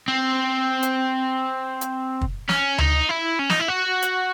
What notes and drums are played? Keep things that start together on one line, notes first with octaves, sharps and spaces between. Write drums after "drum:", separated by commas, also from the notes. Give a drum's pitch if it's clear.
C4
drum: hi-hat
drum: hi-hat
drum: kick
C#4, drum: snare
D#4, drum: tom D2
E4
C#4
D#4, drum: snare
E4
F#4
drum: hi-hat